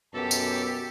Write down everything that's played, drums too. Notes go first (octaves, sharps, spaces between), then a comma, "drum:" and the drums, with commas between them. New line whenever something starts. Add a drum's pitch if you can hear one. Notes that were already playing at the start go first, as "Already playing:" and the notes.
F#2 B2 G4 A4
drum: tambourine